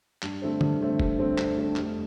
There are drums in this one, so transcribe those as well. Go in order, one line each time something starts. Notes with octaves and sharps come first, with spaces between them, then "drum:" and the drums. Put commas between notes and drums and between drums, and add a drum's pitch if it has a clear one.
G2, drum: clap
D3 A3 C4
G2, drum: tom D3
D3 A3 C4
G2, drum: kick
D3 A3 C4
G2, drum: clap
D3 A3 C4
F1, drum: clap